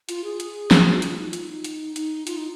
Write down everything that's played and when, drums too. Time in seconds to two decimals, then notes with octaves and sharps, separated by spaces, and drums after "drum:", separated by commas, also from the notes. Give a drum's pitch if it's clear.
0.09 F4, drum: hi-hat
0.24 G#4
0.40 drum: hi-hat
0.71 G#4, drum: snare
0.87 F#4
1.02 F4, drum: hi-hat
1.18 D#4
1.33 F4, drum: hi-hat
1.49 D#4
1.64 drum: hi-hat
1.96 D#4, drum: hi-hat
2.27 F4, drum: hi-hat
2.37 D#4